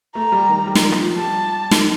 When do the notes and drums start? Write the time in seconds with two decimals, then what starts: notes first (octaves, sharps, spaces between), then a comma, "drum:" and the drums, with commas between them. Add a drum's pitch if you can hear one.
0.15 A3 A#5
0.32 G3
0.49 D#3
0.67 G3
0.75 F3, drum: snare
0.84 D#3
0.92 F3, drum: rim click
1.18 G3 A5
1.71 drum: snare